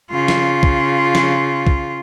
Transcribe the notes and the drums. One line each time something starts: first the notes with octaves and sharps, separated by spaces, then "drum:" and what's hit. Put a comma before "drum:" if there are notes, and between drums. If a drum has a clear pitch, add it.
C#3 F4
drum: snare
drum: kick
drum: snare
drum: kick